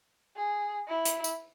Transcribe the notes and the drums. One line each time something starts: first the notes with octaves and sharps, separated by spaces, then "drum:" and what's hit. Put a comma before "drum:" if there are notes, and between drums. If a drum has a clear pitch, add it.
G#4
E4
drum: hi-hat
drum: tambourine